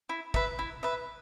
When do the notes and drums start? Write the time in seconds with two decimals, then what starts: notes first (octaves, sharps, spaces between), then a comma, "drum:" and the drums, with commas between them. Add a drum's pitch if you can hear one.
0.09 E4
0.34 B4 E5, drum: kick
0.59 E4
0.83 B4 E5